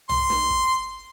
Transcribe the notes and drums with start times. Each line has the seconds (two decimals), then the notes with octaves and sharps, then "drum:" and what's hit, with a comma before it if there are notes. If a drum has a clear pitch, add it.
0.09 C6, drum: tom
0.30 drum: snare
0.50 drum: kick